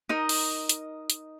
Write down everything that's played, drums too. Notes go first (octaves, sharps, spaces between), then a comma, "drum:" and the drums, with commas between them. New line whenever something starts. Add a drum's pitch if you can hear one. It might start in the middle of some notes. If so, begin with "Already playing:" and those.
D#4 A#4 D#5
drum: open hi-hat
drum: hi-hat
drum: hi-hat